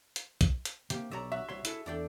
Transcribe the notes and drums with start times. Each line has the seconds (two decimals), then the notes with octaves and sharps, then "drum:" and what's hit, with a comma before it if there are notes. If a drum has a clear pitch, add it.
0.16 drum: hi-hat
0.41 drum: kick, hi-hat
0.65 drum: hi-hat
0.90 C3 A#3 G4, drum: hi-hat
1.11 B1 C#5 D5 E5 A#5
1.32 F#4 E5
1.49 C2 C#5 C6
1.65 E4 G#4 A4, drum: hi-hat
1.86 E2 D4 A4 D5 G5